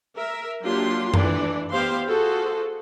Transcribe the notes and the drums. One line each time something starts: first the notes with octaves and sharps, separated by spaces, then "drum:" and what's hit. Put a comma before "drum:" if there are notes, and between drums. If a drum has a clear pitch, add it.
A#4 E5
F#3 A#3 D4 F4 G4 C6
E3 D4 D5, drum: tom F#2
B3 G4 C5 F5 C6
F4 F#4 G#4 A4 C5